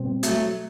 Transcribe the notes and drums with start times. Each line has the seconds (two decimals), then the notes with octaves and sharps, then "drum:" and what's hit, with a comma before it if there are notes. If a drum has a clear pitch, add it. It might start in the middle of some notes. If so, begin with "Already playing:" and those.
Already playing: B2 G3 C4
0.23 F#3 A3, drum: hi-hat